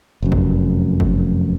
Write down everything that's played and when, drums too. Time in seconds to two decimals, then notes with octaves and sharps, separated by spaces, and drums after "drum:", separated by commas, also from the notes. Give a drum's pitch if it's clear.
0.23 F1 F#2
0.32 drum: kick F#1
1.00 drum: kick F#1